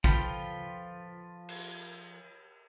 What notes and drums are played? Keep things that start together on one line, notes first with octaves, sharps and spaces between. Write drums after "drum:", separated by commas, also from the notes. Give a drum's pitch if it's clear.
F3 F4 A4 B4 G5, drum: kick A1
drum: cymbal